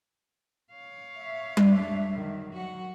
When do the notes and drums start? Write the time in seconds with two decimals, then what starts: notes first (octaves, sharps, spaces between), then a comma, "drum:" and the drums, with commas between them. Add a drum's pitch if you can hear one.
0.72 C#5 F5
1.15 E5
1.57 F2 D4, drum: tom G3
2.15 D#3 F#3
2.53 F#3 F#4 F#5